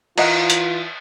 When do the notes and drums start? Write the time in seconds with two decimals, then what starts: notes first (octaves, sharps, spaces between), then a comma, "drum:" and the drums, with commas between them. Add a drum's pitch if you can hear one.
0.18 E3 F4 A#4 D#5 F#5, drum: cymbal
0.50 drum: hi-hat